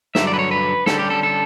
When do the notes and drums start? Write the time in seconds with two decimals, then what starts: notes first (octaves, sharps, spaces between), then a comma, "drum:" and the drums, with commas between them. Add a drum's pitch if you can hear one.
0.15 G2 D3 F#3 E5, drum: snare
0.27 D5
0.34 B4
0.39 C#5
0.51 B4
0.86 D3 G3 C#4 A4, drum: snare
0.99 G4
1.10 A4
1.23 A4